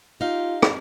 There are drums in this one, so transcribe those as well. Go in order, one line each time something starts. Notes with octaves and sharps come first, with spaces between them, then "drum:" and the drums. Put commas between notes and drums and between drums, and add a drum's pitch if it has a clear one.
D#4 F4 G4 F5
drum: rim click